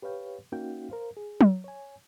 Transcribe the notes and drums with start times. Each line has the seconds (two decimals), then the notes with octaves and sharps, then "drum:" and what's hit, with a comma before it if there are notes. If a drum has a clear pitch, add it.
0.02 G4 B4 C#5 F5 G5
0.52 A#3 C#4 D#4 F#4 F5 G5
0.90 A#4 C5 F5
1.17 G#4
1.41 drum: tom F#3
1.64 C#5 G#5